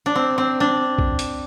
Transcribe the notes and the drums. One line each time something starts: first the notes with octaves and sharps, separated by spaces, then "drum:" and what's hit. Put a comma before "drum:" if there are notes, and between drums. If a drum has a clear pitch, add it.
D4
C4
C4
D4
drum: kick A#1
drum: hi-hat